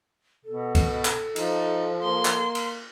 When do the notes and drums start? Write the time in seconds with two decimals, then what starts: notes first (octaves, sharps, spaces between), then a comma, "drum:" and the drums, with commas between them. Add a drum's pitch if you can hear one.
0.45 B2 A4
0.75 drum: kick C2, cymbal
1.05 drum: clap
1.36 F3 D#4, drum: cymbal
2.03 A#3 C6
2.25 drum: clap
2.55 drum: cymbal